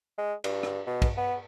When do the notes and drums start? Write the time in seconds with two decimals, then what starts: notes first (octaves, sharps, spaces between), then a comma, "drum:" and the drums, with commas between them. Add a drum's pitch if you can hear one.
0.18 G#3
0.44 G2, drum: cymbal
0.63 drum: rim click
0.87 B2
1.02 drum: kick, cymbal
1.17 B3